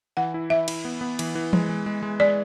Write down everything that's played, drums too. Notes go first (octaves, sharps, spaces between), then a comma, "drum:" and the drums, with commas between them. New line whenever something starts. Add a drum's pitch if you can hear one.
E3 F#5
E4
E3 E5
E4, drum: cymbal
B3
B3
E3, drum: cymbal
E3
G#3, drum: tom E3
G#3
G#3
G#3
G#3 D5